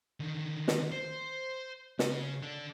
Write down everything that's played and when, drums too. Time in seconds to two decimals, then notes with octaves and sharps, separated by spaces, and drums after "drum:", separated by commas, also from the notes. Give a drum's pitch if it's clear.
0.20 D3 D#3
0.68 drum: snare
0.92 C5
1.99 C#3, drum: snare
2.42 D4 A4